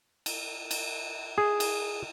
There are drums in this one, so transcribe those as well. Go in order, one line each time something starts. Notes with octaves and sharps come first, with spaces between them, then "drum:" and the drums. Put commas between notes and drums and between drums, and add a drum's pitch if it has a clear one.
drum: cymbal
drum: cymbal
G#4
drum: cymbal